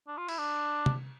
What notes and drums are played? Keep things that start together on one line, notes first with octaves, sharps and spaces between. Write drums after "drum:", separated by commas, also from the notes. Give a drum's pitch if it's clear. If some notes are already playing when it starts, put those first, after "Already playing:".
D4
F4
E4, drum: cymbal
D4
drum: tom